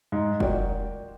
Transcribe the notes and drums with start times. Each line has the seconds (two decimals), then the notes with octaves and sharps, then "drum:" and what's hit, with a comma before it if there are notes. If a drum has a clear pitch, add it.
0.12 G#2
0.40 F4 F#4 A#4 D5 G5, drum: kick